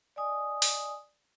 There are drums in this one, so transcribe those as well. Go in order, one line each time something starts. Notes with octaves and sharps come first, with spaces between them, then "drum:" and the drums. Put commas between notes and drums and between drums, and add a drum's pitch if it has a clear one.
D5 D#5 G#5 D#6
drum: open hi-hat